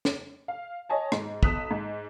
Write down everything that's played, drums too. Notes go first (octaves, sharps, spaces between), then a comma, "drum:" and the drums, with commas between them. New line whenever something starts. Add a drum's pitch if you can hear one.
drum: snare
F5
C#5 D#5 G#5 A5
G#2, drum: rim click
B1 D#6 F#6 B6 E7, drum: kick
G#2